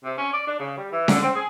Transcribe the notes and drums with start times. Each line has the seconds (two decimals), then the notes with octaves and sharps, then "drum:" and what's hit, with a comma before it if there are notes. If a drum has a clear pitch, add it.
0.04 C3
0.17 C#4
0.33 D5
0.46 D4
0.58 C#3
0.77 G3
0.92 E3
1.08 D3, drum: snare C#4
1.23 C4
1.35 G#4